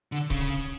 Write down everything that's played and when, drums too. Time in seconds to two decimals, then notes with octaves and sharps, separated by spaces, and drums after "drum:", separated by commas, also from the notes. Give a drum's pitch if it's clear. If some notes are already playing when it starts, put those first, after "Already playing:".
0.12 D3
0.30 C#3, drum: kick C#1